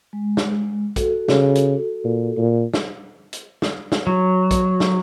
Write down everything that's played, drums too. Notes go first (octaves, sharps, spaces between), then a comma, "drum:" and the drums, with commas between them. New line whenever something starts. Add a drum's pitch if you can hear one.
G#3
drum: snare
F#4 A4, drum: kick, hi-hat
C#3, drum: snare
drum: hi-hat
A#2
A#2
drum: snare
drum: hi-hat
drum: snare
drum: snare
F#3
drum: kick, hi-hat
drum: snare